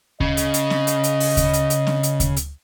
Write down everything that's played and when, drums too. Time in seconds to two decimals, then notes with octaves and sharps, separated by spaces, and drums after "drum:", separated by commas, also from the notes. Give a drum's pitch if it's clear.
0.20 C#3 D#5, drum: kick D2
0.37 drum: hi-hat
0.54 drum: hi-hat
0.70 drum: snare C4
0.87 drum: hi-hat
1.04 drum: hi-hat
1.20 drum: open hi-hat
1.37 drum: kick D2, hi-hat
1.53 drum: hi-hat
1.70 drum: hi-hat
1.87 drum: snare C4
2.03 drum: hi-hat
2.20 drum: kick D2, hi-hat
2.36 drum: hi-hat